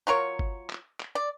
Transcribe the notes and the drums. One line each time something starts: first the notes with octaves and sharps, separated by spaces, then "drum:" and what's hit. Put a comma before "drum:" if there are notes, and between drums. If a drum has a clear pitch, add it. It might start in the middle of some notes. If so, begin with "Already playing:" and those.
F#3 F4 A#4 C#5
drum: kick G1
drum: clap
drum: clap
D5